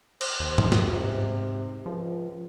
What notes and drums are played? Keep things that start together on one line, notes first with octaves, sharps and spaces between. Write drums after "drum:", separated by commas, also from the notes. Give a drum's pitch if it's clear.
C5, drum: cymbal
D#2
drum: tom G2
drum: snare
G#2 C3
C#2 F3